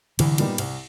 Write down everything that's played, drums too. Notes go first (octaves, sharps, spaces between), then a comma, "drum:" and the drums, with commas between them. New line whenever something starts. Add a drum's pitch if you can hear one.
C2 D3 E3, drum: cymbal
A#2 G3 B3 D#4, drum: cymbal
C2, drum: cymbal